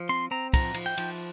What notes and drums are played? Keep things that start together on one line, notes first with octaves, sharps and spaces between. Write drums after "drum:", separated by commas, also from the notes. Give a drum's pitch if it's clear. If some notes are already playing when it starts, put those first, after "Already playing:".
Already playing: F3
C4 C6
C4 A#5
F3 A#5, drum: kick, cymbal
F3, drum: cymbal
G5
F3, drum: cymbal